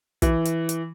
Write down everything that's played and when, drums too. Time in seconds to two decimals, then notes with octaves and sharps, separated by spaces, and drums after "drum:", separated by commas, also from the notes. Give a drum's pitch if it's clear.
0.22 E3, drum: kick, hi-hat
0.45 drum: hi-hat
0.69 drum: hi-hat